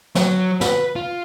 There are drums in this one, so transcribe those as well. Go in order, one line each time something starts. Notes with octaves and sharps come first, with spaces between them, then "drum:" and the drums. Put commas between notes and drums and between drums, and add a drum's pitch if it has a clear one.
F#3, drum: snare
B4, drum: snare
F4